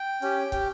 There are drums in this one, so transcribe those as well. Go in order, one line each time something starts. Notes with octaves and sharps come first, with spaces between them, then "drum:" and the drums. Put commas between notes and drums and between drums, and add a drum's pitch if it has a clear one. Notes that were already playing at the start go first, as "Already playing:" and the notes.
Already playing: G5
C#4 G4, drum: hi-hat
G4 G5, drum: kick, hi-hat